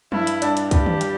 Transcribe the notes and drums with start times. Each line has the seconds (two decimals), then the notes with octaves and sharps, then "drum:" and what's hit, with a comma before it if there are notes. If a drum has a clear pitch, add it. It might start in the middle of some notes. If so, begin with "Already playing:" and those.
0.12 G2 E4, drum: tom F3
0.27 drum: hi-hat
0.42 G3 D4, drum: hi-hat
0.57 drum: hi-hat
0.71 G2 G4, drum: kick C#2, hi-hat
0.86 drum: tom D#3
1.01 G3, drum: hi-hat